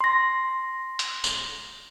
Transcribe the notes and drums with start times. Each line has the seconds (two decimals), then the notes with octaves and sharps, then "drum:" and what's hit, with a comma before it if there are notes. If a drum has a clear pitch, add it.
0.01 C6 A#6
0.99 drum: hi-hat
1.24 drum: tambourine